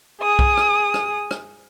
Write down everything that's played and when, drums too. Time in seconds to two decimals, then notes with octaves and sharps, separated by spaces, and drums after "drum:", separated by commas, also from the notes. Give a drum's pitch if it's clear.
0.21 G#4 D#6
0.39 drum: kick B1
0.57 drum: rim click
0.94 drum: rim click
1.31 drum: rim click